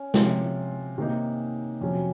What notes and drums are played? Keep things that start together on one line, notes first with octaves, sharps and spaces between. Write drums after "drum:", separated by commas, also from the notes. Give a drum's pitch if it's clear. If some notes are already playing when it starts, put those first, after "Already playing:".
Already playing: C#4
C3 F3 C4 F4, drum: snare
C3 D#3 A#3 D#4
F2 C3 F#3 C#4